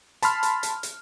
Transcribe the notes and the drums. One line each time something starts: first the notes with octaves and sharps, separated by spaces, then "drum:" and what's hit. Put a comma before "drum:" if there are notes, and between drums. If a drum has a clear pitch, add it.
A5 B5 C6 F6, drum: hi-hat
drum: hi-hat
drum: hi-hat
drum: hi-hat